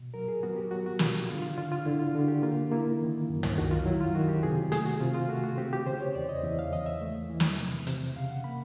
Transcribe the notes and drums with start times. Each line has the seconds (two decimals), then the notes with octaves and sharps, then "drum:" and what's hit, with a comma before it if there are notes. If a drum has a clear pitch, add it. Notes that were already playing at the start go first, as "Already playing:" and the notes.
Already playing: B2
0.14 F#3 A#4
0.28 G#4
0.43 B3 F#4
0.56 G4
0.71 F#3 F#4
0.86 F#4
0.99 B2 F4, drum: snare
1.29 D3 F4
1.42 F4
1.57 D3 F4
1.72 F4
1.85 D3 E4
1.99 F4
2.14 D3 F#4
2.28 G4
2.42 A#3 F4
2.72 A#3 E4
3.01 D#3
3.29 F#2
3.43 drum: tom
3.58 D#3 F#4
3.71 F4
3.86 F#3 E4
4.01 F4
4.15 D#3 F#4
4.29 G4
4.43 C3 G#4
4.72 A3 G#4, drum: hi-hat
4.86 F#4
5.00 C3 F4
5.14 F4
5.29 A3 F#4
5.44 F#4
5.57 C4 G4
5.73 G4
5.86 C#3 C5
6.00 C#5
6.15 E2 D5
6.29 D#5
6.44 E2 E5
6.59 F5
6.72 E3 D#5
6.86 E5
7.01 A3
7.30 E3
7.40 drum: snare
7.59 C3
7.87 C3, drum: hi-hat
8.16 C#3 F5
8.30 F#5
8.44 A#3 B5